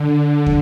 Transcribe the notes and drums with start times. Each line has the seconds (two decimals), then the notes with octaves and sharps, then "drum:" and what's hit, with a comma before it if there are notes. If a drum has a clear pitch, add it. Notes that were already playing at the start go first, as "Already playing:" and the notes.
Already playing: D3
0.46 drum: kick